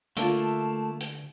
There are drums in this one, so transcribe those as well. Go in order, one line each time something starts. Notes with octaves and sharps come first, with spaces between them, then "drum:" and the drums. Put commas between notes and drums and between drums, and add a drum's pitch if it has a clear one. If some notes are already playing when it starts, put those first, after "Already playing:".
D3 A3 A#3 F4 A5, drum: hi-hat
drum: hi-hat